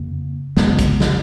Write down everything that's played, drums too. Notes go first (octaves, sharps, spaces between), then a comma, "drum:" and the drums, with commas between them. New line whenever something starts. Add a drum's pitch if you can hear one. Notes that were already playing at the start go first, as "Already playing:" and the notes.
Already playing: F2 C#3 A#3
F2 C#3 G#3 B3, drum: snare
drum: kick, hi-hat
drum: snare